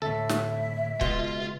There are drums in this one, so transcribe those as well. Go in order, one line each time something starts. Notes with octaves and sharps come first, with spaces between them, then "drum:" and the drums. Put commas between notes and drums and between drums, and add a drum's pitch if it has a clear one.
D2 A2 A4 E5
drum: snare
C#2 B2 F4 C6, drum: kick